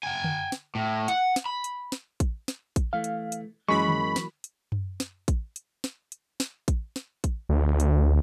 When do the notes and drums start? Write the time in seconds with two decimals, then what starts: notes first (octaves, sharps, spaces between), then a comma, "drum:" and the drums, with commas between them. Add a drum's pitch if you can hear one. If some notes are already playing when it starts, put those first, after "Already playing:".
0.03 G5 G#5
0.24 drum: tom D3
0.52 drum: snare
0.75 A2
1.08 F#5, drum: hi-hat
1.36 drum: snare
1.46 B5
1.64 drum: hi-hat
1.92 drum: snare
2.20 drum: kick A1, hi-hat
2.48 drum: snare
2.76 drum: kick A1, hi-hat
2.93 E3 A3 F5
3.04 drum: hi-hat
3.32 drum: hi-hat
3.69 F#2 E3 F#3 G#3 A#3 B5 C#6
3.88 drum: tom D3
4.16 drum: snare
4.44 drum: hi-hat
4.72 drum: tom F#2
5.00 drum: snare
5.28 drum: kick A1, hi-hat
5.56 drum: hi-hat
5.84 drum: snare
6.12 drum: hi-hat
6.40 drum: snare
6.68 drum: kick A1, hi-hat
6.96 drum: snare
7.24 drum: kick A1, hi-hat
7.49 D2
7.80 drum: hi-hat